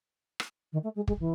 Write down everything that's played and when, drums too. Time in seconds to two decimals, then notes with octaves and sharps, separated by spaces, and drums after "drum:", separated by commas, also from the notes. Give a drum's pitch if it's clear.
0.40 drum: rim click
0.73 D#3
0.84 A3
0.96 G#3
1.08 G#3, drum: kick
1.20 E3